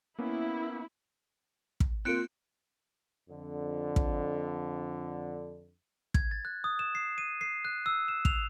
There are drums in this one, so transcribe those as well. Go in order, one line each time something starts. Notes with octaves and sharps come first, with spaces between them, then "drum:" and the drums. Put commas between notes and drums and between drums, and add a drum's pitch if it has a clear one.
A#3 B3 C#4 E4
drum: kick
A#3 C4 F4 F#6 C#7 D7
F2 D3
drum: kick
G#6, drum: kick
A6
F#6
D#6
E7
C7
D#7
C7
F#6
E6
E7
F7, drum: kick